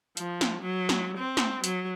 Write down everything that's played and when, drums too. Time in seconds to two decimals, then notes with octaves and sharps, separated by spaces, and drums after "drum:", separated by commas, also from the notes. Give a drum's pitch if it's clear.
0.17 F3, drum: hi-hat
0.41 drum: snare
0.61 F#3
0.89 drum: snare
1.17 C4
1.37 drum: snare
1.64 F#3, drum: hi-hat